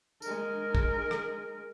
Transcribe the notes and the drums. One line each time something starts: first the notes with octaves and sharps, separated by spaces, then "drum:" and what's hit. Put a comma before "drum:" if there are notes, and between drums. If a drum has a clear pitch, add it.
G#3 A#4, drum: tambourine
drum: kick
drum: rim click